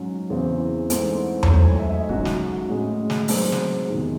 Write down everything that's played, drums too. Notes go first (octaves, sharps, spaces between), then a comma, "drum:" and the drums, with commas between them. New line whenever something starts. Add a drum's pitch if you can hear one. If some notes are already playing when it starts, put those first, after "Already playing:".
Already playing: G#2 F#3 C#4
E2 C#3 E3 C4 G#4
G#2 E3 A3 C4, drum: hi-hat
C#5, drum: tom E2
G#2 F#3 A3 C5
G#5
E5
E5
D#5
G#2 F#3 C#4 F#4, drum: kick
drum: snare
A2 G#3 C#4
drum: snare
G#2 F#3 C4 G#4, drum: open hi-hat
drum: snare
E2 C3 D#3 G#3